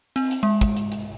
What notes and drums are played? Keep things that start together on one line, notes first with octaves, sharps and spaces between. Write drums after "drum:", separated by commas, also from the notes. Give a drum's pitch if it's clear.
C4, drum: hi-hat
drum: hi-hat
G#3
drum: kick, hi-hat
drum: hi-hat
drum: hi-hat